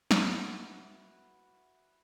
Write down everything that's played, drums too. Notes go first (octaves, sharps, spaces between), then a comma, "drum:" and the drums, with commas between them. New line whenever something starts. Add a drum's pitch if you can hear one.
E4 F#4 B4, drum: snare